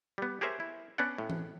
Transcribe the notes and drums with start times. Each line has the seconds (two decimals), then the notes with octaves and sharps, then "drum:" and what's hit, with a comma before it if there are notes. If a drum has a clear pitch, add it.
0.18 G3 B3
0.41 G4 G#4 A#4 C5 C#5 E5
0.60 E4
0.98 B3 C#4 D4 D5 F#5
1.18 A2
1.30 drum: tom E3